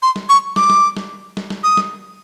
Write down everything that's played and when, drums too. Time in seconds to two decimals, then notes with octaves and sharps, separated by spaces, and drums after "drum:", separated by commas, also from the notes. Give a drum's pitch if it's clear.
0.02 C6
0.16 drum: snare
0.29 C#6
0.56 D6, drum: snare
0.70 drum: snare
0.97 drum: snare
1.37 drum: snare
1.50 drum: snare
1.63 D#6
1.77 drum: snare